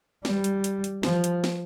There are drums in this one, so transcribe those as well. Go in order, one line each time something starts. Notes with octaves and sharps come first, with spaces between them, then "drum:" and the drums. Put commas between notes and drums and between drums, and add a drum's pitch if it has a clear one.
G3, drum: snare
drum: hi-hat
drum: hi-hat
drum: hi-hat
F3, drum: snare
drum: hi-hat
drum: snare